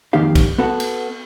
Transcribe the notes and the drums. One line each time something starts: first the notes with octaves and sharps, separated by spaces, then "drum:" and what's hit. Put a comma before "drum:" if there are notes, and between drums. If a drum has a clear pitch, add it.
F2 D#3 A#3 D#4 G4 F5
drum: kick, cymbal
B3 F#4 A4 F#5
drum: cymbal